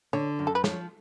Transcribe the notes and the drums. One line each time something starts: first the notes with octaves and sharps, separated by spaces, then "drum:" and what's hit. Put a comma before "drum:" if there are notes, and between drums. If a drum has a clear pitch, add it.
D3 C#5
F#2
A4
B4
F3 C#5, drum: snare